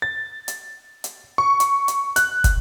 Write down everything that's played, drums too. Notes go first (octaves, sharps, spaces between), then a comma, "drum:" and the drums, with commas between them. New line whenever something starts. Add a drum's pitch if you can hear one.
A6
drum: hi-hat
drum: hi-hat
C#6
drum: hi-hat
drum: hi-hat
F#6, drum: hi-hat
drum: kick, hi-hat